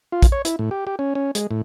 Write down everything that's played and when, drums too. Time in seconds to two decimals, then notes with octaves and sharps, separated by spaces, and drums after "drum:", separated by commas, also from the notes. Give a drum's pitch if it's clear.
0.12 F4
0.23 drum: kick, hi-hat
0.32 C#5
0.45 E4, drum: hi-hat
0.59 A2
0.71 G4
0.87 G4
0.99 C#4
1.15 C#4
1.35 G#3, drum: hi-hat
1.51 A2